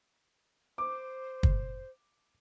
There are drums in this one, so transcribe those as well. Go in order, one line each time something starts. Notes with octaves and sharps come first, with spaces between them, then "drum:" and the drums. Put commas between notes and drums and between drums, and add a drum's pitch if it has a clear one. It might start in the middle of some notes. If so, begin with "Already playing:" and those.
C5 D6
drum: kick